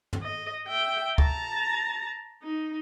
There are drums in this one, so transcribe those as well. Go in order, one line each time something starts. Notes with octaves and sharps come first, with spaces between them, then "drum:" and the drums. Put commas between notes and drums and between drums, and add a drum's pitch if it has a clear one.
drum: tom
D#5
E5 G5
A5 A#5, drum: kick
D#4